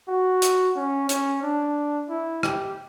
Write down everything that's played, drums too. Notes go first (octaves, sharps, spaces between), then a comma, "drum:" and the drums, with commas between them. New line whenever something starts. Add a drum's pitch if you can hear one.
F#4
drum: hi-hat
C#4
C#4, drum: hi-hat
D4
E4
G4, drum: rim click